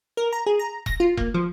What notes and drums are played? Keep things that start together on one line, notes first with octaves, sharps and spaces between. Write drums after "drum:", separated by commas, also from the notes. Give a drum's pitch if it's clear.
A#4
A#5
G#4
A#5
A#6, drum: kick E1
F4
A#3, drum: kick E1
F3